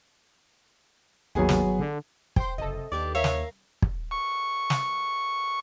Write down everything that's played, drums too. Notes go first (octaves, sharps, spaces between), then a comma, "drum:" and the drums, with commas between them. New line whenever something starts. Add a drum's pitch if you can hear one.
G#1 D#2 F#3 B3 G#4 G#5
drum: snare
D3
C5 G5 C6, drum: kick
F#1 C3 A4 D#5
D#2 D4 G4 B4 D5
A#4 C#5 E5 F5
drum: snare
drum: kick
C#6
drum: snare